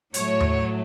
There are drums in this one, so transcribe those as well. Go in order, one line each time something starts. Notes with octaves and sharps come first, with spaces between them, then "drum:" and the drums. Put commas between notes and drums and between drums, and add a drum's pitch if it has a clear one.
A2 F#3 A3 C#5, drum: hi-hat
drum: tom D#2